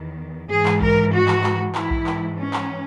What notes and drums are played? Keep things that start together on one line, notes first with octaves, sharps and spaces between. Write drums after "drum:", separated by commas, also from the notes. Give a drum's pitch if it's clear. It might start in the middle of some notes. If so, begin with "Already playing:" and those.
Already playing: E2 D#3
G#2 E3 G#4
drum: clap
A#4, drum: kick A#1
F#4
drum: clap
drum: clap
G#2 E3 E4, drum: clap
drum: kick A#1
drum: clap
C#4
drum: clap